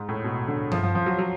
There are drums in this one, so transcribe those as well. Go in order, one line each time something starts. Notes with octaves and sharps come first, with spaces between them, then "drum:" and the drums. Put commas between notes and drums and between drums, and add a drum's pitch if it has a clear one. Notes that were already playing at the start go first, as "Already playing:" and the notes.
Already playing: G#2
A2
B2
D3
F3, drum: tom G2
F3
F3
F#3
F#3